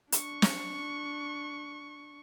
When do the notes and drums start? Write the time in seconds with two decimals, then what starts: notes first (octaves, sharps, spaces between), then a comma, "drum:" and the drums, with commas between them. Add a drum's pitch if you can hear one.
0.12 D4 C#6, drum: hi-hat
0.42 drum: snare